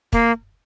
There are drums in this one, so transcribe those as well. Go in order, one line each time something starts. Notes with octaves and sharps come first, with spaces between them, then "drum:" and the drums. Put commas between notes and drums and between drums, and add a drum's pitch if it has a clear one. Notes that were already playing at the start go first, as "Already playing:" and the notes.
A#3, drum: kick